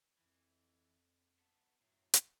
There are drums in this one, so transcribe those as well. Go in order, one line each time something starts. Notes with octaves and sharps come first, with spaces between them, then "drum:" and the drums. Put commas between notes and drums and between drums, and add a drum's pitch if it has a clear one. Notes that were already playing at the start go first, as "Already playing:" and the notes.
F2 E3
B3 A4
F#2 A2 F#3
drum: hi-hat